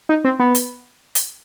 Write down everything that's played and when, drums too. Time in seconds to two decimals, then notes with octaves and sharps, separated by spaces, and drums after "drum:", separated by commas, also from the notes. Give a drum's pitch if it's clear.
0.09 D#4
0.24 C4
0.39 B3
0.55 drum: hi-hat
1.15 drum: hi-hat